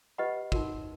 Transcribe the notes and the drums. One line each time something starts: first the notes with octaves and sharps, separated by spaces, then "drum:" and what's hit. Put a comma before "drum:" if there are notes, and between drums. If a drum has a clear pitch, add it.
G4 B4 D#5 F#5 B5
D#4 F#4 A#4, drum: kick